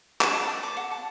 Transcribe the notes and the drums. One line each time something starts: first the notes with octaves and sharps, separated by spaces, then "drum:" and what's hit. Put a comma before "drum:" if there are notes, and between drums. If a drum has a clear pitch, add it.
F#5 E7, drum: clap
A5
D5
D6
F#5
A5